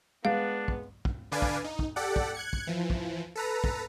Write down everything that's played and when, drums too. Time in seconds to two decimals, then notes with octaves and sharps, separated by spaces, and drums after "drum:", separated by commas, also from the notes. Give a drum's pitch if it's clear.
0.25 G#3 B3 D4 F5
0.68 drum: kick
1.05 drum: kick
1.32 D3 D4 B4 D5 F5 G#5
1.42 drum: kick
1.64 D#4
1.79 drum: kick
1.96 G4 A4 D5 F#5
2.16 drum: kick
2.34 F#6 G#6 C#7
2.53 drum: kick
2.67 E3 F3
2.90 drum: kick
3.36 A4 B4 A#5
3.64 drum: kick